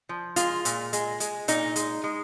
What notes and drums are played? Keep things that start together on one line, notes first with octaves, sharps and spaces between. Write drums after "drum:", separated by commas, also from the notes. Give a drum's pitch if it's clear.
F3
G#3 F4, drum: hi-hat
A#2, drum: hi-hat
G#3, drum: hi-hat
G#3, drum: hi-hat
A#2 D#4, drum: hi-hat
G#3, drum: hi-hat
G#3